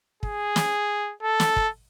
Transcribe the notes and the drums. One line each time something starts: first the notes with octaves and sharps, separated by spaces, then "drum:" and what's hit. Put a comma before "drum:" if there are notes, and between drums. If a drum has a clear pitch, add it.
G#4, drum: kick
drum: snare
A4
drum: snare
drum: kick